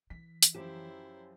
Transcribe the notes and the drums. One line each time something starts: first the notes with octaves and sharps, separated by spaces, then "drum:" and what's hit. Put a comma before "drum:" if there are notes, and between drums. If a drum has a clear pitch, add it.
E3 B6
drum: hi-hat
F#2 F3 E4 G4 C5 E7